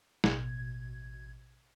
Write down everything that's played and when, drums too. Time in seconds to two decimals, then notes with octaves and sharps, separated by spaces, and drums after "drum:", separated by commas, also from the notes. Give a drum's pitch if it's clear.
0.24 A1 B2 G#6, drum: snare